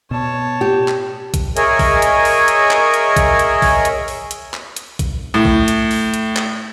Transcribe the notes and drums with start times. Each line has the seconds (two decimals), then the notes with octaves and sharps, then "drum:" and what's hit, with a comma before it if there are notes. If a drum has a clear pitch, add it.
0.11 B2 C#5 A5
0.61 G4
0.88 drum: clap
1.34 drum: kick, hi-hat
1.57 G#4 A#4 C#5 D#5 E5 G#5, drum: hi-hat
1.79 drum: kick, open hi-hat
2.02 drum: hi-hat
2.25 drum: open hi-hat
2.48 drum: hi-hat
2.71 drum: clap
2.94 drum: hi-hat
3.17 drum: kick, hi-hat
3.39 drum: hi-hat
3.62 drum: kick, open hi-hat
3.85 drum: hi-hat
4.08 drum: open hi-hat
4.31 drum: hi-hat
4.54 drum: clap
4.76 drum: hi-hat
4.99 drum: kick, hi-hat
5.34 A2
5.45 drum: kick
5.68 drum: hi-hat
5.91 drum: open hi-hat
6.14 drum: hi-hat
6.36 drum: clap